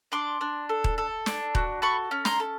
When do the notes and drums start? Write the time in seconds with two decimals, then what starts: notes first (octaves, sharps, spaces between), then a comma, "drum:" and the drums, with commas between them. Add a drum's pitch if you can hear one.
0.12 D4 C6 D6
0.41 D4
0.69 A4
0.84 drum: kick D#1
0.98 A4
1.26 D4, drum: snare
1.55 F#4, drum: kick D#1
1.82 A4 B5 C#6
2.11 C#4
2.25 A#5 C6, drum: snare
2.40 A4